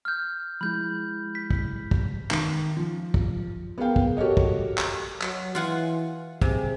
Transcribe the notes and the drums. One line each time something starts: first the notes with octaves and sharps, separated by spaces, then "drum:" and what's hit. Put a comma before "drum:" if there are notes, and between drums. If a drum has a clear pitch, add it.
F6 G6
F3 G#3 E4 B5 G6
B6
drum: kick
drum: kick
D#3, drum: clap
F3
drum: kick
B3 G#4 A#4 F5 G5
drum: kick
F#4 G4 A4 A#4 C#5 D#5
drum: kick
drum: clap
F#3, drum: clap
E3 F4 F#5 G#5
C3 G#4, drum: kick